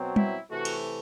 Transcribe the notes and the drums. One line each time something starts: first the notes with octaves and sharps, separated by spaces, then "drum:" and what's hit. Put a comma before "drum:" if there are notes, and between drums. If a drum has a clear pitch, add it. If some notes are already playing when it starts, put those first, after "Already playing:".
Already playing: B2 F#3 C4
E4, drum: tom G3
C3 E3 A3 F#4
drum: cymbal